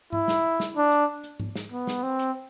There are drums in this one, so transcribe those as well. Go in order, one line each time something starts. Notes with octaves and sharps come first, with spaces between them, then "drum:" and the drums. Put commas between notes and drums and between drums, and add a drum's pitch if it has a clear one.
E4, drum: tom G#2
drum: snare
drum: snare
D4
drum: hi-hat
drum: hi-hat
drum: tom G#2
drum: snare
B3
drum: snare
C4
drum: hi-hat